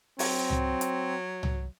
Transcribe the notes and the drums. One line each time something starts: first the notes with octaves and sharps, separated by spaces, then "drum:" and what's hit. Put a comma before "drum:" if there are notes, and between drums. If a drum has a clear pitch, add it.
F#3 C4, drum: open hi-hat
drum: tom
drum: hi-hat
drum: tom